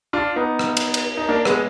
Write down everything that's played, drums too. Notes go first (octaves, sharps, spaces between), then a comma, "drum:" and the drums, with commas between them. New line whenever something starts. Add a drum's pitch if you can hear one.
D4 F4
B3 D#4
drum: rim click
drum: cymbal
drum: cymbal
D#4
A#3 D4
G#3 B3, drum: rim click